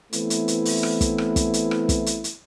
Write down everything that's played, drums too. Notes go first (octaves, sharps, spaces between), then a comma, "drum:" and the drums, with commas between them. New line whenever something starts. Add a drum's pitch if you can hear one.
E3 A3 B3 C4 E4, drum: hi-hat
drum: hi-hat
drum: hi-hat
drum: open hi-hat
drum: rim click
drum: kick, hi-hat
drum: rim click
drum: kick, hi-hat
drum: hi-hat
drum: rim click
drum: kick, hi-hat
drum: hi-hat
drum: hi-hat